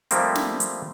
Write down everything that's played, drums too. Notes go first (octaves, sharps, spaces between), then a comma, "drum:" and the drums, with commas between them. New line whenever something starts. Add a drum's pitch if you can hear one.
F3 G3 A3 A#3 C4, drum: hi-hat
drum: snare
drum: hi-hat